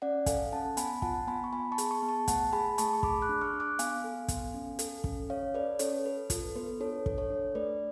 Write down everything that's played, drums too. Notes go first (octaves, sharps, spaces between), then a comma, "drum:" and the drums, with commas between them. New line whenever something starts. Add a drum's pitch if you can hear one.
C#4 D5 F#5
A4 F5 G#5, drum: kick, hi-hat
C#4 F#5 A5
B3 G#5 B5, drum: hi-hat
F4 F#5 A5, drum: kick
B3 G#5 B5
C#6
B3 G#5 B5
A5 C#6
G#4, drum: hi-hat
A5 C#6
B3
A5 C#6
A3 F#5 A5, drum: kick, hi-hat
G#4 G#5 B5
A3 A5 C#6, drum: hi-hat
C#6
G#4 B5 D6, drum: kick
D6 F#6
D4
C#6 F6
D4
D6 F#6
B3 F5 G#5, drum: hi-hat
A4
B3, drum: kick, hi-hat
C#4
A4, drum: hi-hat
C#4, drum: kick
C#4 C#5 F5
A4 B4 D5
C#4 A4 C#5, drum: hi-hat
A4
A4 B4
F4 A4, drum: kick, hi-hat
B3 B4
D4 A4 C#5
A4, drum: kick
A4 C#5
D4
A3 B4 D5